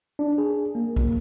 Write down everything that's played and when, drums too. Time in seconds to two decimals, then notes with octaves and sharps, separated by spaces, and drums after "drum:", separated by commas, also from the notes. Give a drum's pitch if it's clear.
0.19 D4
0.38 G#4
0.75 A#3
0.96 drum: kick B1